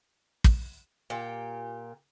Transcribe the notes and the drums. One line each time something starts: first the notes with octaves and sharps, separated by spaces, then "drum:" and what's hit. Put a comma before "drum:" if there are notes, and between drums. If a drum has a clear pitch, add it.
drum: kick
A#2 G4